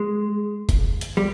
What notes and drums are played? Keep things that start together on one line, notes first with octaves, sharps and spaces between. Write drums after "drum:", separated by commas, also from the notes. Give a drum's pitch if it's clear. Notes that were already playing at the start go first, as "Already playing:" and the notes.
Already playing: G#3
drum: kick, hi-hat
drum: hi-hat
G3